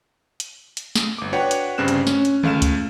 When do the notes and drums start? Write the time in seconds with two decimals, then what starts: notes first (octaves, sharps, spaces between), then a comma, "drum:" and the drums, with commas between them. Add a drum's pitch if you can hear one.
0.40 drum: hi-hat
0.77 drum: hi-hat
0.95 drum: snare
1.18 G1 D6
1.32 D4 F#4 B4 C#5 F#5 G5
1.51 drum: hi-hat
1.78 G1 G2 C#3 C4 F#6 E7
1.88 drum: hi-hat
2.07 C#4, drum: snare
2.25 drum: hi-hat
2.43 C#2 A3 F5 F6 E7, drum: tom D3
2.62 drum: kick C#2, hi-hat